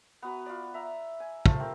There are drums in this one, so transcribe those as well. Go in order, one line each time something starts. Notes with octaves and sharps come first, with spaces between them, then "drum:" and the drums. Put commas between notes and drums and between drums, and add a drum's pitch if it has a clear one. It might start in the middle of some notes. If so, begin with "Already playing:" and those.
B3 F#4 A#5
F4 D5
E5 A#5
G#5
A3 F4 C5 A5, drum: kick
C4 G4 A#4